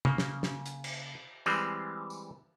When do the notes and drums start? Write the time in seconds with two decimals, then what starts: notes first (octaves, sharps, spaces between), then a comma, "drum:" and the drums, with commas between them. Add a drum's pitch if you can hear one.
0.05 C#3 A#3, drum: tom
0.18 drum: snare
0.43 drum: snare
0.66 drum: hi-hat
0.84 drum: cymbal
1.46 E3 G3 G#3 C4, drum: tambourine
2.10 drum: tambourine